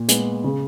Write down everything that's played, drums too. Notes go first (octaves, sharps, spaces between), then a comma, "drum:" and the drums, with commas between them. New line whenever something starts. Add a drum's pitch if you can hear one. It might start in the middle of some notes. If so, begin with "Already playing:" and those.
Already playing: A#2
G#3 B3, drum: hi-hat
C#3